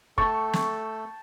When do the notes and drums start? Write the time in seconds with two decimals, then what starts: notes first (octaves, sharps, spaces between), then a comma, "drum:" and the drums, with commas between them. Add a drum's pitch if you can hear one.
0.18 A3 A4 G5 A5 C#6, drum: kick
0.53 drum: snare